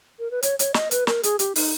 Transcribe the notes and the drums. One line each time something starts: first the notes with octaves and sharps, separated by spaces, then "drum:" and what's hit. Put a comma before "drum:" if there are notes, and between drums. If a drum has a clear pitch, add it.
A#4
B4
C#5, drum: hi-hat
C#5, drum: hi-hat
D#5, drum: snare
B4, drum: hi-hat
A#4, drum: snare
G#4, drum: hi-hat
G4, drum: hi-hat
D#4, drum: open hi-hat